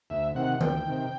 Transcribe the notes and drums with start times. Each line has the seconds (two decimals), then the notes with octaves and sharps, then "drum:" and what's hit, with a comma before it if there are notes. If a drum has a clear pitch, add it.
0.10 D2 E5
0.35 C3 D#3 F#5
0.61 D2 G5, drum: tom D#3
0.86 C3 D#3